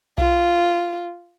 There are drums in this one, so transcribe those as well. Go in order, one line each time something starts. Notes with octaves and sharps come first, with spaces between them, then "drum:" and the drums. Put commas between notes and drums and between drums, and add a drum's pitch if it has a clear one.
F4, drum: kick B1